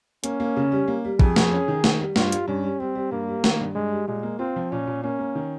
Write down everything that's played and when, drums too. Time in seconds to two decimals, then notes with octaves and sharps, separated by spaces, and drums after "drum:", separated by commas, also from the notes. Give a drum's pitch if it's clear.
0.24 A#3 C#4, drum: hi-hat
0.40 A#3
0.56 C#3
0.72 G3
0.88 A#3
1.05 G3
1.19 F2 G#4, drum: kick
1.36 F2, drum: snare
1.51 C#4
1.68 D#3
1.84 D#3, drum: snare
2.00 G3
2.16 G2 F4, drum: snare
2.32 G3, drum: hi-hat
2.48 G2 C#4
2.63 G3
2.80 G3 C4
2.95 G3
3.11 G2 A#3
3.28 G3
3.44 D#3, drum: snare
3.60 G2
3.75 G2 G#3
3.92 G3
4.08 A#2 G#3
4.23 A#3
4.39 C4 F4
4.56 F3
4.71 A#2 C#4
4.87 A#2
5.03 A#3 C#4
5.19 A#3
5.35 D#3